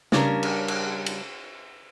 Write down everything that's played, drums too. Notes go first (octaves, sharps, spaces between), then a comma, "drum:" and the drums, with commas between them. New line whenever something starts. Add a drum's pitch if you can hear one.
C#3 G3 C#4 D4 A#4, drum: snare
drum: cymbal
drum: cymbal
drum: cymbal